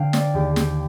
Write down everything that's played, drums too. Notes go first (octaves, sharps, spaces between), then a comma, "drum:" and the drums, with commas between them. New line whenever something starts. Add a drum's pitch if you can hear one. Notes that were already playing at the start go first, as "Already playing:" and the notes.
Already playing: D3 F5 G5
D5, drum: snare
D#2 G4
G4, drum: snare